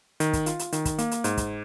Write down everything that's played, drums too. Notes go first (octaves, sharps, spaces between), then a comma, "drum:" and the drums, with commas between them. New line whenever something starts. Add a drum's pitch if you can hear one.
D#3, drum: hi-hat
drum: kick, hi-hat
F4, drum: hi-hat
drum: hi-hat
D#3, drum: hi-hat
drum: kick, hi-hat
A#3, drum: hi-hat
drum: hi-hat
G#2, drum: hi-hat
drum: kick, hi-hat